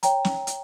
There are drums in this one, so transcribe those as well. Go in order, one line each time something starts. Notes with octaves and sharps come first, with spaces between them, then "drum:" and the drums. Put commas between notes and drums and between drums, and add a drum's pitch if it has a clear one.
C#5 G5 A#5, drum: hi-hat
drum: snare
drum: hi-hat